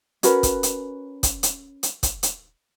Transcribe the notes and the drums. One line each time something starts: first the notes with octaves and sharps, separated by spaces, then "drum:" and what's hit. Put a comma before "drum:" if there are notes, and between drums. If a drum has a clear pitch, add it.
C#4 F#4 A#4 B4, drum: hi-hat
drum: kick, hi-hat
drum: hi-hat
drum: kick, hi-hat
drum: hi-hat
drum: hi-hat
drum: kick, hi-hat
drum: hi-hat